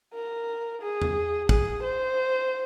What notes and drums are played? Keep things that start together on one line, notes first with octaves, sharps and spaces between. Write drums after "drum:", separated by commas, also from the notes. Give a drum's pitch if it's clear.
A#4
G#4
drum: tom E2
G#4, drum: kick
C5